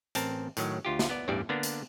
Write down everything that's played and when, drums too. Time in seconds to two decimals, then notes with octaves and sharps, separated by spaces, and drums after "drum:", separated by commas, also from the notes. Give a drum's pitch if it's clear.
0.15 A1 C4 A#4 A5, drum: hi-hat
0.57 A2 D#3 F#3, drum: hi-hat
0.85 D2 F4 G4
0.99 drum: snare
1.09 B3 D5
1.28 A1 E2 G2 G3 D5
1.49 D3 A#3 B3 D4
1.63 drum: hi-hat